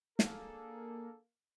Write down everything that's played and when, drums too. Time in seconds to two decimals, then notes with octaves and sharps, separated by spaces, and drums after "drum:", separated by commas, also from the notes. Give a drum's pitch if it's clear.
0.19 A#3 D4 G#4 A4, drum: snare